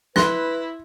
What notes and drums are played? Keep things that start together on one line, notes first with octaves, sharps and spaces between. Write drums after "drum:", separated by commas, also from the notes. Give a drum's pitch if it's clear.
E4 B4 C6 F#6 A#6, drum: snare